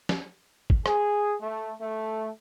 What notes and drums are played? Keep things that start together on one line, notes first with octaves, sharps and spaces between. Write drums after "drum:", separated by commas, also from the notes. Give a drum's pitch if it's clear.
drum: snare
drum: kick
G#4, drum: rim click
A3
A3